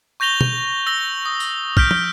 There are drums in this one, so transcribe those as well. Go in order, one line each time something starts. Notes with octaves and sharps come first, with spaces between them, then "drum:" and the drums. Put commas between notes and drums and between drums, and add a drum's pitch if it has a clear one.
C#6 G6 A#6 F7 G7
drum: tom
E6 A#6 G7
D#6
drum: tambourine
F6 G6 B6 D7, drum: kick
drum: tom